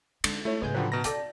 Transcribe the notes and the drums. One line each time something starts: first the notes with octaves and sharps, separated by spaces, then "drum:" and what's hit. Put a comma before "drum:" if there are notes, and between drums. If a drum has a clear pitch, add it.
D3 G#3, drum: cymbal
A3 E4 C#5
A2 C#3 G#3 B3 G#5 G6
D3 F3 F#3 F#4 G4 B4
B2 A#5 A#6
C4 A4 D5 G5 A5, drum: hi-hat